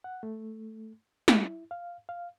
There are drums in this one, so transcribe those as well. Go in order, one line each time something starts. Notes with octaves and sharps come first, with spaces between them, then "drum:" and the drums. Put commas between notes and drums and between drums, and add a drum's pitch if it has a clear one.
F#5
A3
E4, drum: snare
F5
F5